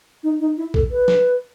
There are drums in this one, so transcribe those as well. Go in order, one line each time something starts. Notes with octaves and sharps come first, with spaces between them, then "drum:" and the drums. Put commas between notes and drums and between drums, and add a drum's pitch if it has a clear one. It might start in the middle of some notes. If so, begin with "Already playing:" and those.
D#4
D#4
E4
A4, drum: kick B1
B4
drum: snare